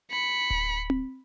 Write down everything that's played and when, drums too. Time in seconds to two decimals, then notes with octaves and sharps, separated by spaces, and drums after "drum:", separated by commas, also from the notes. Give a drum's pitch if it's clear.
0.11 B5 C#7
0.50 drum: kick D1
0.90 drum: tom C4